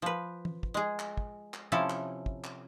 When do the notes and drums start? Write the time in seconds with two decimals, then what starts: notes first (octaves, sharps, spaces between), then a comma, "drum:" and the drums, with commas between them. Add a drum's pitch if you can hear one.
0.02 F3 B4
0.45 drum: tom E3
0.63 drum: kick
0.74 G#3 G#4
0.99 drum: clap
1.17 drum: kick
1.54 drum: clap
1.72 C3 F3 C#4 E4 A4
1.90 drum: clap
2.26 drum: kick
2.44 drum: clap